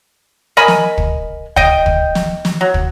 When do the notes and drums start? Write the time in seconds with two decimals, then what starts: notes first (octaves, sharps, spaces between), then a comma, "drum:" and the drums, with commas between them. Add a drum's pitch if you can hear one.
0.57 A#4 D#5 G#5 B5
0.68 drum: snare
0.98 drum: kick
1.56 D#5 G5, drum: kick
1.86 drum: kick
2.15 drum: snare
2.45 drum: snare
2.61 F#3
2.74 drum: kick